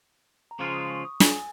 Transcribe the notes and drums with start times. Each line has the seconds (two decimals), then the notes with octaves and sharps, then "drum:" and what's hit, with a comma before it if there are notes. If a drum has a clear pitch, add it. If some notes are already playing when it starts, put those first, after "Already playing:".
0.51 A#5
0.59 C#3 F3 G#3 F4 C#6
0.74 D#6
0.90 C#6
1.05 D#6
1.20 G#5, drum: snare